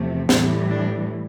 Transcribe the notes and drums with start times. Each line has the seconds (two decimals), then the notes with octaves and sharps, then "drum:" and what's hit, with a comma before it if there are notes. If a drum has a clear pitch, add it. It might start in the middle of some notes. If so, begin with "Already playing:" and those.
Already playing: E2 C3 F3 A3
0.29 A2 E3 G3, drum: snare
0.69 D4